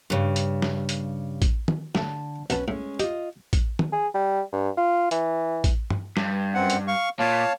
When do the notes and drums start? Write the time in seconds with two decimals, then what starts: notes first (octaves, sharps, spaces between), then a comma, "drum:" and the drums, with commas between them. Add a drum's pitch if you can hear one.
0.10 G2 C#3
0.36 drum: hi-hat
0.62 drum: snare
0.89 drum: hi-hat
1.42 drum: kick A1, hi-hat
1.68 drum: tom
1.95 A2 D3 A5, drum: snare
2.50 B1 C#4 B4 A5, drum: hi-hat
2.68 A2 G#3 C#4
3.00 F4 G4 D#5, drum: hi-hat
3.53 drum: kick A1, hi-hat
3.79 drum: tom
3.92 G#4
4.14 G3
4.52 G2
4.77 F4
5.11 E3, drum: hi-hat
5.64 drum: kick A1, hi-hat
5.90 drum: tom
6.17 G2, drum: snare
6.54 F#2 C4 F#5
6.70 drum: hi-hat
6.88 F5 C#6
7.19 A#2 C#5 F5 A5